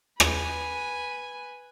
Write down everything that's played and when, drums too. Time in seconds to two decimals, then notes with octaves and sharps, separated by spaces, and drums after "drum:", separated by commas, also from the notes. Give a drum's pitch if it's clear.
0.20 B4 G#5, drum: rim click